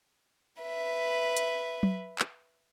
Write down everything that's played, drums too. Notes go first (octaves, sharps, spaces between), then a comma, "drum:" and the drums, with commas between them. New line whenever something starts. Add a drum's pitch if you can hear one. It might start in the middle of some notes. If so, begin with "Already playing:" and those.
B4 E5
drum: hi-hat
drum: tom F#3
drum: clap